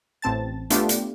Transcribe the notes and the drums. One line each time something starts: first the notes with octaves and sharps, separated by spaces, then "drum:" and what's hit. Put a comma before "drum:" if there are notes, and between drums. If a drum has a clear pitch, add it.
A1 C4 A5 A6
A3 B3 D4 F4 G4, drum: hi-hat
drum: hi-hat